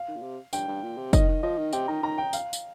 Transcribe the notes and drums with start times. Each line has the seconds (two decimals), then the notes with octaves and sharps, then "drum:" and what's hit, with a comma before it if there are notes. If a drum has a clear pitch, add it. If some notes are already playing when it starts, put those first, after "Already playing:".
Already playing: F5
0.08 D#3
0.17 A#2
0.22 C3
0.53 G2 G5, drum: tambourine
0.68 G2
0.83 A#2
0.97 C3
1.13 D#3 D#5, drum: kick, tambourine
1.28 D#3
1.43 F3 D#5
1.58 D#3
1.73 C3 G5, drum: tambourine
1.88 D#3 A#5
2.03 D#3 A#5
2.18 G5
2.33 F5, drum: tambourine
2.53 drum: tambourine